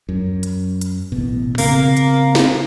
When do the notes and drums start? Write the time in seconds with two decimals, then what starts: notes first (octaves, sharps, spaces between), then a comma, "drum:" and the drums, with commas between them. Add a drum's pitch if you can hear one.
0.09 F#2
0.43 drum: hi-hat
0.81 drum: hi-hat
1.12 A1 B2
1.58 C#3 A#3 C4, drum: open hi-hat
1.97 drum: hi-hat
2.35 drum: snare